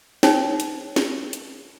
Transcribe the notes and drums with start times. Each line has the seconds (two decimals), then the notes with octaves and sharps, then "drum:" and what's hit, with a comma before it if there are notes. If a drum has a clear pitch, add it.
0.23 D#4 C5 C#5 G5, drum: snare
0.60 drum: hi-hat
0.96 drum: snare
1.33 drum: hi-hat